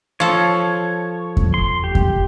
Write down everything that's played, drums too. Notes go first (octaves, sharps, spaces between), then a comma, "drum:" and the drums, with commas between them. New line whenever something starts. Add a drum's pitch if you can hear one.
F3 A4 C#5
drum: kick E2
C6
G4
drum: kick E2